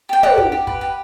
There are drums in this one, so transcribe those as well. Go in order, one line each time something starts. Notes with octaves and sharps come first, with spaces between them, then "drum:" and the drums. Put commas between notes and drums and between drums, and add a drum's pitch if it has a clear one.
G4 G5
G4 F#5, drum: tom
G4, drum: kick
G4
B4, drum: kick
G4